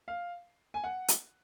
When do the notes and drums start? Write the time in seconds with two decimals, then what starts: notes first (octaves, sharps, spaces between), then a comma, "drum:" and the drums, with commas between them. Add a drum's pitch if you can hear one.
0.08 F5
0.74 G#5
0.84 F#5
1.08 drum: hi-hat